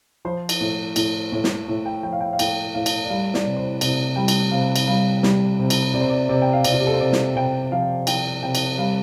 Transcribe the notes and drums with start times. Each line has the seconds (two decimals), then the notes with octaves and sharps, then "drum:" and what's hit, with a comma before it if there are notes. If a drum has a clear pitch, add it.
0.25 F3 C5
0.49 drum: cymbal
0.61 A2
0.96 A2, drum: cymbal
1.32 A2
1.44 drum: snare
1.68 A2
1.86 G5
2.03 F3 G5
2.13 F5
2.21 G5
2.33 F5
2.39 A2 G5, drum: cymbal
2.74 A2 F5
2.86 drum: cymbal
3.05 D5
3.10 G3 F5
3.34 D5, drum: snare
3.45 C3
3.57 C5
3.81 C3 D5, drum: cymbal
4.16 G3 G5
4.28 drum: cymbal
4.51 C3 F5
4.76 drum: cymbal
4.87 G3 F5
5.23 G3, drum: snare
5.59 C3
5.70 drum: cymbal
5.94 C3 D5
6.01 C5
6.10 D5
6.29 C3 D5
6.42 G5
6.53 F5
6.64 C3 D5, drum: cymbal
6.73 F4
6.80 G4
6.87 A4
6.94 C5
7.01 C3 D5
7.12 drum: snare
7.36 C3 G5
7.72 F3 F5
8.07 F3 G5, drum: cymbal
8.43 C3 G5
8.55 drum: cymbal
8.78 G3 F5